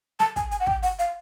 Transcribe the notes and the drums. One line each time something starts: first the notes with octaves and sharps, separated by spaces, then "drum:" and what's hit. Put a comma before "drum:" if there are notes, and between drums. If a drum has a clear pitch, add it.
A5, drum: snare
G#5, drum: kick, hi-hat
G#5, drum: hi-hat
F#5
G5, drum: kick
F#5, drum: open hi-hat
F5, drum: hi-hat